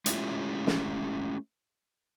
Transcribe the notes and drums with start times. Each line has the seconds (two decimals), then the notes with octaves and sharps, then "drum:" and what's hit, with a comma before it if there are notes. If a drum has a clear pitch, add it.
0.06 G#3 A3 C#4 E4 F4 G4, drum: hi-hat
0.67 drum: snare